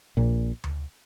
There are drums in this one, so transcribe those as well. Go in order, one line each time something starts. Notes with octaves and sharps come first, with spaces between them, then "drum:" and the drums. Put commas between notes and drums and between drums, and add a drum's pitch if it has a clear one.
A#1 A#2
drum: tom D2